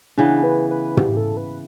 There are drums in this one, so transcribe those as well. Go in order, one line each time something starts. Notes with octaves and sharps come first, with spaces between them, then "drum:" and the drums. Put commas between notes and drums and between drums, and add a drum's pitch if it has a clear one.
C#3 E3 B3 D4
B4
B4
G4, drum: tom
A4
B4